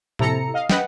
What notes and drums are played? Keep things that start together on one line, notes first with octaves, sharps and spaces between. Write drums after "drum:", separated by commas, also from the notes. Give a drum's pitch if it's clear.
C3 E4 A4 A#5 C#7, drum: tom A2
D#5 F5
B4 D#5 F#5 G5, drum: snare